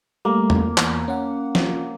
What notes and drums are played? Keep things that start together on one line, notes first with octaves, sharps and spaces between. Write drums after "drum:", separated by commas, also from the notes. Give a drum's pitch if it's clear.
G3 A3 A#3
drum: tom E2
E2, drum: clap
C#4 F#5
drum: snare